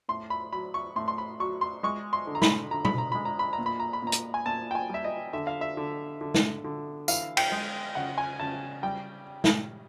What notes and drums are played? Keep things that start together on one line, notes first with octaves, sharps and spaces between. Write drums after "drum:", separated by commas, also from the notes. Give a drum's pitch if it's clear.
A2 C6
B5
F#3 B5
C#6
A2 C6
C6
B5
F#3 C#6
C6
G#3 C#6
C6
D3
A#5
B5, drum: snare
D3 A#5
B5, drum: tom B2
A#5
G#3 B5
A#5
B5
A#5
A#2
B5
A#5
B5
A#2 A#5
drum: hi-hat
G#5
A#2 A5
G5
G#5
G3 E5
D#5
D3 E5
F5
E5
D3
D3
drum: snare
D3
E3 F5, drum: tambourine
G5, drum: cymbal
G#3
C#3 F#5
G#5
C#3 A5
G3 G5
drum: snare